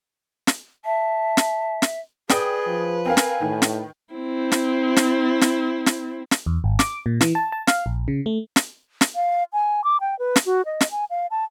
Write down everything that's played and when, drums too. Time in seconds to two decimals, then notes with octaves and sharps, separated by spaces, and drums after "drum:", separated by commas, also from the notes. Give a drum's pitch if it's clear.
0.47 drum: snare
0.85 E5 A5
1.37 drum: snare
1.82 drum: snare
2.29 G#4 B4 D5 G5 D#6, drum: snare
2.67 F3
3.06 C4 A#4 F5 G#5
3.17 drum: snare
3.41 A2 D#3
3.62 drum: snare
4.14 C4 E4
4.52 drum: snare
4.96 drum: snare
5.41 drum: snare
5.86 drum: snare
6.31 drum: snare
6.46 E2
6.64 G#1
6.79 D6, drum: snare
7.06 A#2
7.21 E3, drum: snare
7.35 A5
7.52 A5
7.67 F5, drum: snare
7.86 A#1
8.08 C#3
8.26 A3
8.56 drum: snare
9.01 drum: snare
9.16 F5
9.53 G#5
9.84 D6
10.01 G5
10.19 B4
10.36 drum: snare
10.46 F#4
10.66 D#5
10.81 drum: snare
10.91 G#5
11.10 F5
11.31 A5